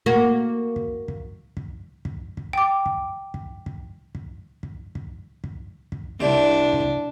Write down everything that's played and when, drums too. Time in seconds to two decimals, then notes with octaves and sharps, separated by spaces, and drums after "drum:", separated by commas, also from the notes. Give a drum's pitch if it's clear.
0.06 A#3 F#4
0.76 drum: kick
1.08 drum: kick
1.57 drum: kick
2.05 drum: kick
2.37 drum: kick
2.53 G5 D6
2.86 drum: kick
3.34 drum: kick
3.66 drum: kick
4.15 drum: kick
4.63 drum: kick
4.95 drum: kick
5.44 drum: kick
5.92 drum: kick
6.21 C2 C3 D4
6.73 drum: kick